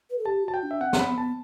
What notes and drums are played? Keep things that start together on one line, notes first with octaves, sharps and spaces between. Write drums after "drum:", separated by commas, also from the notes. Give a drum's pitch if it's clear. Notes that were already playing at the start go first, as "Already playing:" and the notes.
B4
A4
G4 A5
F#4 A5
G5
D4
E5
C4 F#5
C6, drum: snare
B5
B3
A5